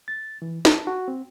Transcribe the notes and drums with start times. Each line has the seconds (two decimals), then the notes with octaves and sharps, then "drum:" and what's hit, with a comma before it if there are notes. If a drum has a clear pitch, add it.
0.08 A6
0.42 E3
0.65 A5, drum: snare
0.87 F#4
1.08 C4